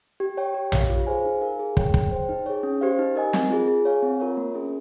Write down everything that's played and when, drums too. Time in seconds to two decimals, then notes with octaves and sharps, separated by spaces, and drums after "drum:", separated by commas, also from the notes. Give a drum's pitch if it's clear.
0.20 G4
0.37 C#5 G5
0.54 G4
0.72 C#5 F5, drum: tom A#1
0.90 F4
1.07 G#4 C5 F5 G#5
1.25 D#4
1.42 A#4 F5 G#5
1.59 G#4
1.77 C#5 G5, drum: kick
1.94 G#4, drum: kick
2.11 C5 G5
2.29 D#4
2.46 G#4 C#5
2.63 C#4
2.81 G4 C5 F5
2.99 D#4
3.15 A#4 D#5 G#5
3.33 C4, drum: snare
3.51 F4 G#4
3.68 G#4
3.85 C#5 F5 G#5
4.02 C4
4.20 F4 A#4 C#5
4.37 A#3
4.55 C#4 G#4